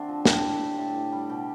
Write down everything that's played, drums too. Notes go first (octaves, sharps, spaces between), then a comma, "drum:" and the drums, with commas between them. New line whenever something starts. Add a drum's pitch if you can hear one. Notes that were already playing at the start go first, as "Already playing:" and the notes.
Already playing: D3 A3 C4 D4
F3
A2 G4, drum: snare
G3
G3
A2
A2
G3
B2 G4